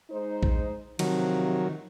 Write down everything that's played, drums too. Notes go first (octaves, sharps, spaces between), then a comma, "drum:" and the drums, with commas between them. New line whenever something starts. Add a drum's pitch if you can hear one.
G#3 D#4 C5
drum: kick A#1
C3 D#3 F3 F#3, drum: cymbal